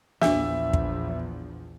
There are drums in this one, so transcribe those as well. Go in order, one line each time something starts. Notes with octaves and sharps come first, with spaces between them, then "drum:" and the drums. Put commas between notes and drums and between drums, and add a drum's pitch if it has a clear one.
A#1 E2 F3 D4 E5 D6, drum: snare
drum: kick